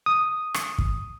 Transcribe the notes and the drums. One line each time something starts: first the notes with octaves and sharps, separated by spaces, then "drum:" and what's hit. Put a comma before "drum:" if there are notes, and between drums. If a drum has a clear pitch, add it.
D#6
drum: rim click
drum: kick